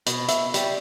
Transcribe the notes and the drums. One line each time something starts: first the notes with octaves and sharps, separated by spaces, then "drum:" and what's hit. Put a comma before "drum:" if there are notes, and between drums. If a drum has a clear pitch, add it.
B2, drum: hi-hat
E5, drum: hi-hat
G3, drum: hi-hat